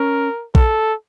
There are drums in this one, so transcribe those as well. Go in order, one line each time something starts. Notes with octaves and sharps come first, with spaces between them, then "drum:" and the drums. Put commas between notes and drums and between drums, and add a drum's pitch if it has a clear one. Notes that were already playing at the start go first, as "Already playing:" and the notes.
Already playing: C#4 A#4
A4, drum: kick A#1